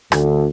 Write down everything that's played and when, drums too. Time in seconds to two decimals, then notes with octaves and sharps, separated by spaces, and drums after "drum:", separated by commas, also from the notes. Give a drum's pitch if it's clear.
0.12 D2, drum: rim click